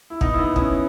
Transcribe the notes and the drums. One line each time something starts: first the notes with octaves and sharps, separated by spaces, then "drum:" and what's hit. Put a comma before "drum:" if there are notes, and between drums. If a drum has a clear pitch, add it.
E4
B3 D#4, drum: kick
E4
B3 D#4
C#4 E4, drum: kick